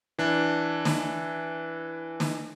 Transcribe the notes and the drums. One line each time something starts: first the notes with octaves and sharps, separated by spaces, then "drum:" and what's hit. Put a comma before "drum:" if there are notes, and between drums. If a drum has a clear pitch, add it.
E3 D4
drum: snare
drum: snare